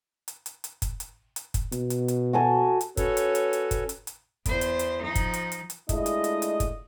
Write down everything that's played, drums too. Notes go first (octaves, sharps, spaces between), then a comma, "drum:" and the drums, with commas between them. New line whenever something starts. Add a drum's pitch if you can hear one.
drum: hi-hat
drum: hi-hat
drum: hi-hat
drum: kick F#1, hi-hat
drum: hi-hat
drum: hi-hat
drum: kick F#1, hi-hat
B2, drum: hi-hat
drum: hi-hat
drum: hi-hat
F#4 A4 G#5
drum: hi-hat
C#4 F#4 A4 B4 C#5, drum: kick F#1, hi-hat
drum: hi-hat
drum: hi-hat
drum: hi-hat
drum: kick F#1, hi-hat
drum: hi-hat
drum: hi-hat
E2 C5, drum: kick F#1, hi-hat
drum: hi-hat
drum: hi-hat
F3 D#4
drum: kick F#1, hi-hat
drum: hi-hat
drum: hi-hat
drum: hi-hat
G#3 A3 D4 E4 F4 D#5, drum: kick F#1, hi-hat
drum: hi-hat
drum: hi-hat
drum: hi-hat
drum: kick F#1, hi-hat